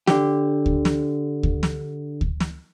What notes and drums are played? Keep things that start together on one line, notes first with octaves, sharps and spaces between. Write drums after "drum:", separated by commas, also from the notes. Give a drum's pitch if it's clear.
D3 G4, drum: snare
drum: kick D2
drum: snare
drum: kick D2
drum: snare
drum: kick D2
drum: snare